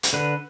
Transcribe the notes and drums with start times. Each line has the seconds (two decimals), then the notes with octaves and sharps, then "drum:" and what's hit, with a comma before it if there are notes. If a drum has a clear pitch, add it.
0.03 drum: hi-hat
0.13 D3 B4